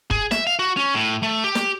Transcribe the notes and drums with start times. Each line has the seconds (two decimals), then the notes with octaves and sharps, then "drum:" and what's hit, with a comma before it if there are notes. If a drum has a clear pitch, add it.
0.11 G#4, drum: kick
0.31 E5, drum: snare
0.47 F5
0.59 F#4
0.77 C#4
0.95 A2
1.23 A3
1.44 G4
1.55 drum: snare